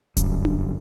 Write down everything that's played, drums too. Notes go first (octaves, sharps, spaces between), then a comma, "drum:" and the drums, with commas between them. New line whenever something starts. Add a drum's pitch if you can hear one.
G1 F#2, drum: kick D1, hi-hat
drum: tom D4